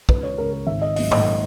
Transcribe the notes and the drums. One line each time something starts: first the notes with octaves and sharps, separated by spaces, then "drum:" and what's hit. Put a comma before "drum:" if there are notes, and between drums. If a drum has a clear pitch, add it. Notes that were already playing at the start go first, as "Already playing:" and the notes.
C#2 B4, drum: kick
C#5
C#3 G#3 A#4
A#4
G#1 E5
D#5
G#2 F#3 A#3 C#4 D#5, drum: open hi-hat
D#5, drum: tom G#2